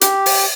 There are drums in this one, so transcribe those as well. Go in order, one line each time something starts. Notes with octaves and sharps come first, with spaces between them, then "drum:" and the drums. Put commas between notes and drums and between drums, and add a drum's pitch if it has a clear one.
G4, drum: hi-hat
drum: open hi-hat